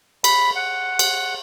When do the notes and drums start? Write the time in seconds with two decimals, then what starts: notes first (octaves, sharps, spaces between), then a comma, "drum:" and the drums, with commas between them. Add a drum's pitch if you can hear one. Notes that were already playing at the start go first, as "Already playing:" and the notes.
0.24 B5, drum: cymbal
0.56 F#5
0.99 drum: cymbal